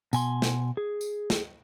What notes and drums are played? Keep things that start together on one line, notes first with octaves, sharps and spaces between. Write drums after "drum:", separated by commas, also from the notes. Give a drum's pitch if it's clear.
B2 G#5 C6, drum: tambourine
drum: snare
G#4
drum: tambourine
drum: snare